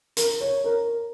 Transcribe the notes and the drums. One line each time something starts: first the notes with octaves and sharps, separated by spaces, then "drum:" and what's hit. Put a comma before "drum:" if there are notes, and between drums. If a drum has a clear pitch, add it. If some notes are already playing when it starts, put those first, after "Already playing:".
A#4, drum: hi-hat
C#5
A#4